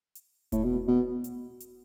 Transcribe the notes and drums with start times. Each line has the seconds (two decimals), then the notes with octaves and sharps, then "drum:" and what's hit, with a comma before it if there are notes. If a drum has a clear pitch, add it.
0.15 drum: hi-hat
0.52 A2, drum: kick E1, hi-hat
0.64 B2
0.88 B2
1.24 drum: hi-hat
1.60 drum: hi-hat